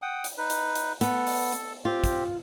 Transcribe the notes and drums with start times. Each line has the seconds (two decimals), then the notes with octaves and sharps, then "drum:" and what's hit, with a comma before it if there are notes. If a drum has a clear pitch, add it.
0.02 F#5 G5 D#6
0.24 drum: hi-hat
0.38 D#4 B4
0.50 drum: hi-hat
0.75 drum: hi-hat
1.01 B3 A4, drum: hi-hat
1.27 drum: open hi-hat
1.52 drum: hi-hat
1.85 C4 F4 G4
2.04 drum: kick, hi-hat